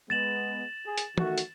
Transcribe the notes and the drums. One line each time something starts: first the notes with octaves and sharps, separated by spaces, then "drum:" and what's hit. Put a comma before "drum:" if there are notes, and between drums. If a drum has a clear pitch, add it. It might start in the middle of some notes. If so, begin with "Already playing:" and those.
G#3 B3 A6 E7 F#7
G#4
drum: hi-hat
D#3 A3 F#4, drum: tom
drum: hi-hat